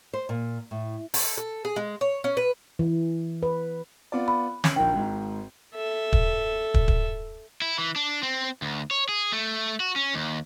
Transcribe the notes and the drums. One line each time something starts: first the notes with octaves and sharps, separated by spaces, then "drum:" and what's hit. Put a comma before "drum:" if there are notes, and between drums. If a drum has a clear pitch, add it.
C5
A#2
A2
A4, drum: open hi-hat
A4
G#4
G#3
C#5
C#4
B4
E3
B4
B3 F4 D5
B5
C#4 F#7, drum: snare
A#1 D#3 G5
G#1 G#2
A4 E5
drum: kick
drum: kick
drum: kick
E4
E3
D4
C4
D2
C#5
G#4
A3
F#4
C#4
D#2